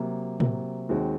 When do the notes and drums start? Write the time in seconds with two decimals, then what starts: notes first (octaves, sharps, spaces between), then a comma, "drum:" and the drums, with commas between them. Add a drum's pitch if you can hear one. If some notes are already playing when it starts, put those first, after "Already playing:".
Already playing: C3 F#3 A#3
0.40 C3 F#3 A#3, drum: tom
0.89 D#2 D#3 G#3 C4 F#4